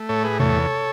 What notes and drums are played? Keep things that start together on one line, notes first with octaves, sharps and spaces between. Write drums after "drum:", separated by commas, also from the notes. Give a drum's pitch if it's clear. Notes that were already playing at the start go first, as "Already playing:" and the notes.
Already playing: A3
A2 A4 C#5
G#4 B4
E2 A4 C#5, drum: tom C3